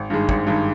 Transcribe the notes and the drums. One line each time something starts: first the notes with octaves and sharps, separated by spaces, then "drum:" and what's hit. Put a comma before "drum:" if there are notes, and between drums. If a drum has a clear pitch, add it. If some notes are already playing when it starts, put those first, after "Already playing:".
Already playing: G#1
G2 D#3 G#3
G#1, drum: kick
G2 D#3 G#3